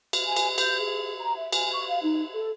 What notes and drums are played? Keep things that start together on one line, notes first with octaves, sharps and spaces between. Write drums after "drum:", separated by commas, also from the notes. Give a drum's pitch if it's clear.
drum: cymbal
G#5
drum: cymbal
G6, drum: cymbal
G#4
A#5
E5
G#5, drum: cymbal
C#6
F5
D#4
A4